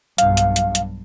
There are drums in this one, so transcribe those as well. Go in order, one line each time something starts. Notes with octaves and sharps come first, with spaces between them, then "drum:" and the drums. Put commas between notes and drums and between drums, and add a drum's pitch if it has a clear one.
B1 G2 F5, drum: hi-hat
drum: hi-hat
drum: hi-hat
drum: hi-hat